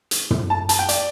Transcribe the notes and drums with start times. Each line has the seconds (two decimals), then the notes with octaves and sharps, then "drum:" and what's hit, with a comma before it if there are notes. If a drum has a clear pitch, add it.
0.11 drum: hi-hat
0.30 drum: tom
0.50 A5
0.69 A5, drum: hi-hat
0.79 G5
0.89 D5, drum: hi-hat